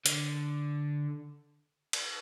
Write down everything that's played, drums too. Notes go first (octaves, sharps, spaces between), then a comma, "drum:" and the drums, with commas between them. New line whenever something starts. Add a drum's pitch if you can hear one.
D3, drum: hi-hat
drum: cymbal